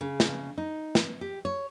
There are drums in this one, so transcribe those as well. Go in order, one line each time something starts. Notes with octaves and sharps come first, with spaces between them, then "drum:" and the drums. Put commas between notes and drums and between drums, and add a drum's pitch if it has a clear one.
C#3
drum: snare
D#4
drum: snare
G4
C#5